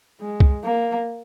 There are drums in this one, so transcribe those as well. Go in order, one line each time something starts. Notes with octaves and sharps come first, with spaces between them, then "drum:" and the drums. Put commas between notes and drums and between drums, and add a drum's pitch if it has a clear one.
G#3
drum: kick C2
A#3